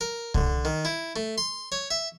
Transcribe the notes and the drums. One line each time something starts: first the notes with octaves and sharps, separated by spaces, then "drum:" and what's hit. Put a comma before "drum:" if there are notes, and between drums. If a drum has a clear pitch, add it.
A#4
D3, drum: kick C2
D#3
E4
A3
C6
C#5
E5